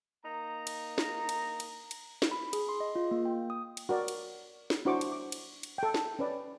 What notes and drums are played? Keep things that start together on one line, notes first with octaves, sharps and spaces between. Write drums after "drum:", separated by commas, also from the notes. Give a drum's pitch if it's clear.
A#3 D#4 A#5
drum: cymbal
drum: snare
drum: cymbal
drum: cymbal
drum: cymbal
drum: snare
B5
G#4, drum: cymbal
C6
D#5
F4
A#3
G5
D#6
drum: cymbal
F#4 A#4 D5
drum: cymbal
drum: snare
D4 E4 F#4 C5 C#6 D6
drum: cymbal
D6
drum: cymbal
drum: cymbal
A4 G5
drum: snare
C#4 B4 D5